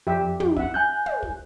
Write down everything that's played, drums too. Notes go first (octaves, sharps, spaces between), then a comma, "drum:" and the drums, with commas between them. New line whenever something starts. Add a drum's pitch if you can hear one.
F2 G4 E5
drum: tom
E5 F#5, drum: kick
G#5 F#6 G6
drum: tom
drum: kick